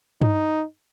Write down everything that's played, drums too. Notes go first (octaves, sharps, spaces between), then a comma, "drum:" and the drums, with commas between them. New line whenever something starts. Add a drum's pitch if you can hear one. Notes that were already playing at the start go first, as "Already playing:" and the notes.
D#4, drum: tom G2